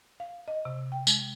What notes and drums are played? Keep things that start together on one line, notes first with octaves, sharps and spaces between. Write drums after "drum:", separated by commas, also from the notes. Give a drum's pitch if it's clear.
F5
D#5
C3
G5
G#3, drum: tambourine